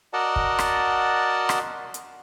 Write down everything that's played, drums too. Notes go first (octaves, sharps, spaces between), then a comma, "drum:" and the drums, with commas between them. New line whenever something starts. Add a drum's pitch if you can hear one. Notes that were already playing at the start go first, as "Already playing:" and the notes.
F#4 A#4 D5 D#5 F#5 A5
drum: kick
drum: rim click
drum: rim click
drum: hi-hat